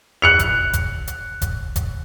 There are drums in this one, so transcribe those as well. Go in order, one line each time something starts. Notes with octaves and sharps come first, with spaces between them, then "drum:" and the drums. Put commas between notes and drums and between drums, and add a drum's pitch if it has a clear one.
F#6 C#7 F7
drum: kick F1, hi-hat
drum: kick F1, hi-hat
drum: hi-hat
drum: kick F1, hi-hat
drum: kick F1, hi-hat